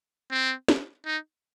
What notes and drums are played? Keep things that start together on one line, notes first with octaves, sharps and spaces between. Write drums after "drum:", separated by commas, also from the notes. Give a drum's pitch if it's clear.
C4
drum: snare
D#4